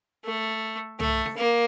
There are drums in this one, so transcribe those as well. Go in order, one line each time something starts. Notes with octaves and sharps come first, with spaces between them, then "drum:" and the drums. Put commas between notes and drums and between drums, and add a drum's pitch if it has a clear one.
A3
A3, drum: tom C2
drum: snare
A#3